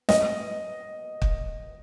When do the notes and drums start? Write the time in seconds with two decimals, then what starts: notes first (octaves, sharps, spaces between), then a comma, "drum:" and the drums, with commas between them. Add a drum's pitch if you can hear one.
0.09 D#5, drum: snare
1.22 drum: kick